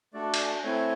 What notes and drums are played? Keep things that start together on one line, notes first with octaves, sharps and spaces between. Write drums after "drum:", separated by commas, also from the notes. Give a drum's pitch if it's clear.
A3 D4 F#4 A4 D5
drum: cymbal
A3 C4 E4 C#5